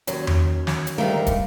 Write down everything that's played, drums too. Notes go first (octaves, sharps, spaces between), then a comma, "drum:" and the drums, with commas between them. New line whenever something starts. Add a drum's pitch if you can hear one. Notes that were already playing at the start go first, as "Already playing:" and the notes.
D#2 F#3 C#4, drum: hi-hat
drum: tom E2
drum: snare
drum: hi-hat
D2 D3 D#3 G3 A3 A#4 F5
drum: kick, hi-hat